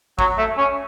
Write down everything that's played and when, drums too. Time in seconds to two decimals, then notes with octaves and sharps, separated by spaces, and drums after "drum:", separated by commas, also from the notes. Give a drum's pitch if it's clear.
0.19 F#3, drum: kick
0.38 A3
0.58 C#4